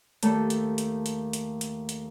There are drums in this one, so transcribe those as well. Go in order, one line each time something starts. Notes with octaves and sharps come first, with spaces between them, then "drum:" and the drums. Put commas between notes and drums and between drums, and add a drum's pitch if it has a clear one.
D#2 A3 A4, drum: hi-hat
drum: hi-hat
drum: hi-hat
drum: hi-hat
drum: hi-hat
drum: hi-hat
drum: hi-hat